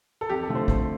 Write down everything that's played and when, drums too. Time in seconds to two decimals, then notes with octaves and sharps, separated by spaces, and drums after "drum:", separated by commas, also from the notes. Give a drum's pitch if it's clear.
0.21 A4
0.29 F2 G4
0.43 A4
0.49 D3 F3 A3
0.55 C5
0.68 F2 C5, drum: kick G#1